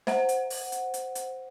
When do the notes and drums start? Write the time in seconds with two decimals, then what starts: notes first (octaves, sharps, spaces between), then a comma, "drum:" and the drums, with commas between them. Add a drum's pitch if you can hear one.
0.07 C5 F#5, drum: snare
0.29 drum: hi-hat
0.50 drum: open hi-hat
0.72 drum: hi-hat
0.94 drum: hi-hat
1.15 drum: hi-hat